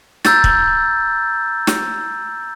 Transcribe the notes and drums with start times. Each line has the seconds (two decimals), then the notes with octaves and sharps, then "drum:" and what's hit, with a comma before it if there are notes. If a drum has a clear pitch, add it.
0.25 A#5 E6 G6 A6, drum: snare
0.44 drum: kick
1.67 drum: snare